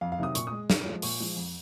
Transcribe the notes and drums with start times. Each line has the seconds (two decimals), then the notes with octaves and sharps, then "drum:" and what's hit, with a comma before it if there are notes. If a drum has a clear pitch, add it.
0.01 F2 F5
0.12 F5
0.18 C3 D#3 F#3 D#6
0.35 A#2 C#6, drum: hi-hat
0.47 G#3 D#6
0.70 F#2, drum: snare
0.85 F3 G#3
1.02 A#2 C#6, drum: open hi-hat
1.20 F3 G#3
1.36 F2